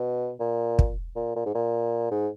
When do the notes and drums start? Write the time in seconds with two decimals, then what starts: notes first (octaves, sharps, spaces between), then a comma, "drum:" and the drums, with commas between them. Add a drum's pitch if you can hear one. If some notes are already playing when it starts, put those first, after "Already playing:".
Already playing: B2
0.40 A#2
0.79 drum: kick
1.16 A#2
1.36 A#2
1.46 G#2
1.55 A#2
2.11 G#2